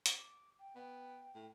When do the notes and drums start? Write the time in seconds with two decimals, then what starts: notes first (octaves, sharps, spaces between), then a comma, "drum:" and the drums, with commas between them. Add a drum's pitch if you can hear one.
0.06 drum: hi-hat
0.18 D6
0.58 G5
0.76 B3 G5
1.35 A2